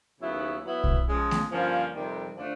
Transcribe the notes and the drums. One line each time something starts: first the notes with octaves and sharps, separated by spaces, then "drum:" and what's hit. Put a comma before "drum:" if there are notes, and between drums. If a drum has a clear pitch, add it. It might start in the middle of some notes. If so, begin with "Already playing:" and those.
D#2 C#3 F#3 B3 E4
F#3 B3 E4
drum: kick
F3 G#3 C#4
drum: snare A3
G2 D3 F3 A#3 C#4
F2 C3 D#3 G3
D3 F3 A3 D4